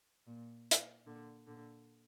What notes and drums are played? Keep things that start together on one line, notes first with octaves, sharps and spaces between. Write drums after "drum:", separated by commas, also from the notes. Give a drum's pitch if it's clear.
A#2
drum: hi-hat
A#2 D3
A#2 D3